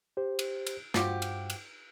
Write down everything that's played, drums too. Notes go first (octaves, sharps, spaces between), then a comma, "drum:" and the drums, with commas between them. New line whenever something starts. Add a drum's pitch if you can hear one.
G4 C5
drum: cymbal
drum: cymbal
G2 F3 F#4 G4, drum: snare
drum: cymbal
drum: cymbal